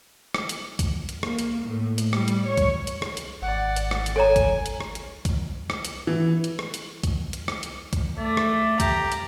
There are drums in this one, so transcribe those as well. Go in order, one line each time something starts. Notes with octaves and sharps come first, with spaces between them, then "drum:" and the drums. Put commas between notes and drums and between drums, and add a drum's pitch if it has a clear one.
drum: rim click
drum: hi-hat
drum: kick C2, hi-hat
drum: hi-hat
A#3, drum: rim click
drum: hi-hat
A2
drum: hi-hat
G3, drum: rim click
drum: hi-hat
C#5
drum: kick C2, hi-hat
drum: hi-hat
drum: rim click
drum: hi-hat
G#1 D5 F#5
drum: hi-hat
drum: rim click
drum: hi-hat
A4 C#5 G#5 A#5
drum: kick C2, hi-hat
drum: hi-hat
drum: rim click
drum: hi-hat
drum: kick C2, hi-hat
drum: rim click
drum: hi-hat
E3
drum: hi-hat
drum: rim click
drum: hi-hat
drum: kick C2, hi-hat
drum: hi-hat
drum: rim click
drum: hi-hat
drum: kick C2, hi-hat
A3 D5
drum: rim click
G4 A#5, drum: kick C2, hi-hat
drum: hi-hat